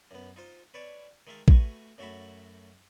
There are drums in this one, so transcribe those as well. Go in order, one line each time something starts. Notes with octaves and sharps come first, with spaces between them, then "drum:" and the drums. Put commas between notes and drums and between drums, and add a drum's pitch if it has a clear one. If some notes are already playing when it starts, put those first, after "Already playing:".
F#2 B3
D#4 F4 C5
B4 C#5 D5 A5
D#3 G#3 E5 F5 A5
A3 F#4 B4 G#5, drum: kick
F#2 F#3 A3 F#4 A5 B5